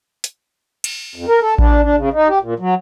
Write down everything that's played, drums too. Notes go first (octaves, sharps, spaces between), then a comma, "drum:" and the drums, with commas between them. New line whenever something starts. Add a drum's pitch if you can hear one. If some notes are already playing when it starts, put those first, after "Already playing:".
drum: hi-hat
drum: cymbal
F2
A#4
A4
D4, drum: kick A1
D4
C#3
D#4
G4
A#2
F#3